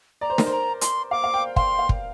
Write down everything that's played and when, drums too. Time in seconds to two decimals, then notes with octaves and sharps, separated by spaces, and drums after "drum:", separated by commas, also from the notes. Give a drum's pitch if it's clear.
0.21 D5 A#5
0.30 C5
0.38 A#4, drum: snare
0.46 C5
0.52 A#5
0.81 C6, drum: hi-hat
1.11 F5 D6
1.24 F5
1.34 G5
1.56 F5 C6, drum: kick
1.79 F5
1.89 drum: kick